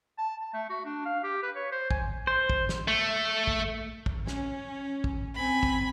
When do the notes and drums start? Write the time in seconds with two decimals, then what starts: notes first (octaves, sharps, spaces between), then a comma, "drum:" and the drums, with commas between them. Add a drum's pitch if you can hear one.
0.18 A5
0.42 A5
0.54 A3
0.70 F#4
0.85 D4
1.05 F5
1.24 G4
1.43 B4
1.56 C#5
1.72 C5
1.91 G#5, drum: kick
2.27 C5
2.50 drum: kick
2.69 drum: snare
2.88 A3
3.47 drum: kick
4.06 drum: kick
4.27 C#4, drum: snare
5.04 drum: kick
5.36 C4 G#5 B5
5.63 drum: kick